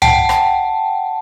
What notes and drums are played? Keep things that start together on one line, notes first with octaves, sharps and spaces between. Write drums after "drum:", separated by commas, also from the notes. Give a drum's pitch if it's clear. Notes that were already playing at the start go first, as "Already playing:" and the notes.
F#5 G5 A5, drum: tom
drum: rim click